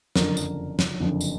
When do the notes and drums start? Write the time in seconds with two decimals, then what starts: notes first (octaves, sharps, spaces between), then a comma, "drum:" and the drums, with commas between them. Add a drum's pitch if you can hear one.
0.16 F#1 F2 D3 A#4, drum: snare
0.37 drum: tambourine
0.79 drum: snare
1.00 F#1 F2 D3
1.21 drum: tambourine